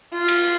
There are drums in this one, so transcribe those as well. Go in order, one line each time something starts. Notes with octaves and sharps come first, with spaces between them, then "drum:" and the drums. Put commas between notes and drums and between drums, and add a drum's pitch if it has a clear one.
F4
drum: cymbal